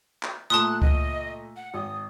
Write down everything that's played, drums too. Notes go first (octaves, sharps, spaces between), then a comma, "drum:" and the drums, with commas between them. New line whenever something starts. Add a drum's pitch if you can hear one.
drum: clap
A#2 A3 A5 C6 D#6 F#6
D#5, drum: kick C#2
F#5
G#1 D#6